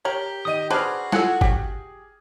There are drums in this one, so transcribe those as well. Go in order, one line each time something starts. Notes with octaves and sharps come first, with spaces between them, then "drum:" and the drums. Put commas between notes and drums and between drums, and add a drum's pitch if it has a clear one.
G4 A#4 C#5
D#3 D#5 D#6 D#7
D4 F#4 G#4 B4 C5 D6 F6
E4 F4 A4 F#5 G#5, drum: snare
G4, drum: kick G1